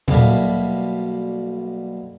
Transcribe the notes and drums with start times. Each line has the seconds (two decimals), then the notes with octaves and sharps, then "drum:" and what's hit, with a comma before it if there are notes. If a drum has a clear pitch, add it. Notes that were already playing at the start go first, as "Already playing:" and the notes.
0.08 B1 B2 G3 A#3 D4 E5, drum: tom